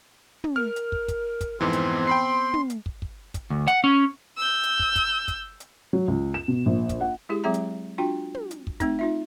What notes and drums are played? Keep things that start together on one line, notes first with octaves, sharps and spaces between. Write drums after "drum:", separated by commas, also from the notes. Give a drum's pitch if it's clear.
drum: tom
A#4 F6
drum: hi-hat
drum: kick
drum: kick, hi-hat
drum: kick, hi-hat
F2 G#2 E3 B3 C4
drum: hi-hat
G5 B5 C6 C7
drum: tom
drum: hi-hat
drum: kick
drum: kick
drum: kick, hi-hat
D2
F#5, drum: hi-hat
C#4
E6 G6
drum: hi-hat
drum: kick
drum: kick, hi-hat
drum: kick, hi-hat
drum: hi-hat
F#3
C#2
E7
B2
A#1
drum: kick, hi-hat
F#5
G#3 E4 G4 G#4
F#3 G#3 C4 G#4 E5 A#5
drum: hi-hat
D4 F4 F#4 G5
drum: tom
drum: hi-hat
drum: kick
A3 C4 D#4, drum: kick, hi-hat
D#4 F4 E5